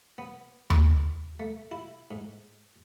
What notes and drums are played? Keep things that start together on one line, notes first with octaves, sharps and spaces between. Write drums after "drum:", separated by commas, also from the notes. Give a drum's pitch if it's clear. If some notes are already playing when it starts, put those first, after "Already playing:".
B3
G#2, drum: tom D#2
A3
E4
G#2